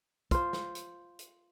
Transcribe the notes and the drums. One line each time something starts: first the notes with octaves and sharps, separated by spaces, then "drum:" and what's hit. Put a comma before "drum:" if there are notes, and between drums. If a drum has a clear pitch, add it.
F4 C5, drum: kick, hi-hat
drum: snare
drum: hi-hat
drum: hi-hat